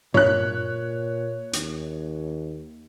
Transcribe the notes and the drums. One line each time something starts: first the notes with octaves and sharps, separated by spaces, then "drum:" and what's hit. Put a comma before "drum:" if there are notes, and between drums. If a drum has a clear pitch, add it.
A#2 C#5 F#6, drum: tom G2
D#2, drum: hi-hat